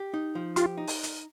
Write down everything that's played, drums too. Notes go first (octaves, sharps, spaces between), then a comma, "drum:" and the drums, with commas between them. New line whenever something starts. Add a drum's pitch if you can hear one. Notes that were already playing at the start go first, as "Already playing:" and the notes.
Already playing: G4
D#4
F3
F4 G4, drum: hi-hat
D#4
drum: open hi-hat
drum: hi-hat